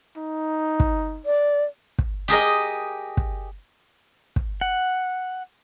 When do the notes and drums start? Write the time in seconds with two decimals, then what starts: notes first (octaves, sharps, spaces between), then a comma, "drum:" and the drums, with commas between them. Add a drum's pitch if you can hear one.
0.17 D#4
0.80 drum: kick
1.26 D5
1.98 drum: kick
2.28 G4 G#4 A#4 D#5
3.17 drum: kick
4.36 drum: kick
4.61 F#5